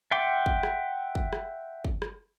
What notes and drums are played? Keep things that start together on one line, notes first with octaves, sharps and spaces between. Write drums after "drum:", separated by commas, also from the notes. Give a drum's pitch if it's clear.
E5 F#5 G5 C6 D6
drum: kick
drum: rim click
drum: kick
drum: rim click
drum: kick
drum: rim click